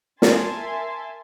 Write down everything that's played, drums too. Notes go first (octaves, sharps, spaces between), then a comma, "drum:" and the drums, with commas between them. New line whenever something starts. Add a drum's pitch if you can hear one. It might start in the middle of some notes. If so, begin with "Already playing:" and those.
A#4 E5 G#5 A5 C6, drum: snare